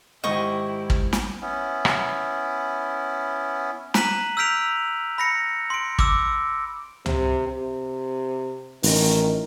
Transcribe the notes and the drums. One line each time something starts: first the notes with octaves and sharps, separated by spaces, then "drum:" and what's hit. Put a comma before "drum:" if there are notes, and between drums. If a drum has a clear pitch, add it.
G#2 D#3 E4 G4 D#5 C#6 D#6
drum: kick
drum: snare
B3 C#4 E4
drum: rim click
A#5 F#6 B6 D#7 F#7, drum: snare
E6 F6 G6 B6 D7 F7
B5 A#6 C#7
C6 D7
D6 E6, drum: kick
C3, drum: tom
C3
A1 D#3, drum: open hi-hat